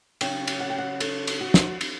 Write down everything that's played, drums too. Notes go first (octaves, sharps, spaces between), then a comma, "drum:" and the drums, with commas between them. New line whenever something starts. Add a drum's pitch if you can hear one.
C#3 F#3 C#4 G5, drum: cymbal
drum: cymbal
F#5
G5
F#5
A4, drum: cymbal
drum: cymbal
F#4
drum: snare
drum: cymbal